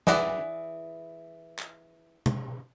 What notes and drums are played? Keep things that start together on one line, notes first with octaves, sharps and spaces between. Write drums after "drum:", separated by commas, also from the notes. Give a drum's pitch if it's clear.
E3 E4 G#4 D5 F#5, drum: snare
drum: clap
drum: tom